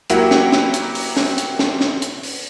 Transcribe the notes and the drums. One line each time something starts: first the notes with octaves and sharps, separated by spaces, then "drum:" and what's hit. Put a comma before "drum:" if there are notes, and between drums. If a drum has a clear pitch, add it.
F#3 A#3 E4 F#4 G4, drum: hi-hat
drum: snare
drum: snare
drum: hi-hat
drum: open hi-hat
drum: snare
drum: hi-hat
drum: snare
drum: snare
drum: hi-hat
drum: open hi-hat